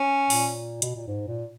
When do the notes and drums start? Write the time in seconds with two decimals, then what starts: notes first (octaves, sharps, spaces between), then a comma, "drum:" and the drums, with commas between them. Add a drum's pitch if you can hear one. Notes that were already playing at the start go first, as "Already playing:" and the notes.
Already playing: C#4
0.30 A#2, drum: open hi-hat
0.82 B2, drum: hi-hat
0.95 A#2
1.07 G#2
1.28 A#2